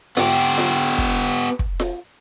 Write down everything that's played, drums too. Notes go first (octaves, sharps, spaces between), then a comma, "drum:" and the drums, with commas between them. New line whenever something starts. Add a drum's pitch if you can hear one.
B3 G4, drum: snare F4
drum: snare F4
drum: kick
drum: kick
drum: snare F4